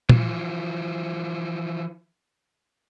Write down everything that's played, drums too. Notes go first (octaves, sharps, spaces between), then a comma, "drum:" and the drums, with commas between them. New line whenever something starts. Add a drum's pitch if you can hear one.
E3 F3, drum: tom